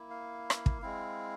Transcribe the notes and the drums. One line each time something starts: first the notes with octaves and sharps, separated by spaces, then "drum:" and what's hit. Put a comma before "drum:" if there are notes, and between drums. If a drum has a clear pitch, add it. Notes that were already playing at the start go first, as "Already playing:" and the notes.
Already playing: A#3 E4
F5
drum: rim click
drum: kick
G#3 C4 E4